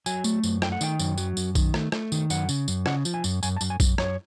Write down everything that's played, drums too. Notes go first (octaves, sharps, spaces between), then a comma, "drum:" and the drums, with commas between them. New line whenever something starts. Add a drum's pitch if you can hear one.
F#3 G#5, drum: tambourine
A3, drum: tambourine
F#2, drum: tambourine
A3 G5, drum: rim click
F#5
D#3 G5, drum: tambourine
F#2, drum: tambourine
F#3, drum: tambourine
F#2, drum: tambourine
D#3, drum: kick A#1, tambourine
A3, drum: rim click
A3, drum: rim click
D#3, drum: tambourine
F#2 F#5, drum: tambourine
C#3, drum: tambourine
F#2, drum: tambourine
C#3 F#5, drum: rim click
F3, drum: tambourine
G#5
F#2, drum: tambourine
F#2 G#5, drum: tambourine
A5
F#2, drum: tambourine
G#5
F#2, drum: kick A#1, tambourine
F#2 C#5, drum: rim click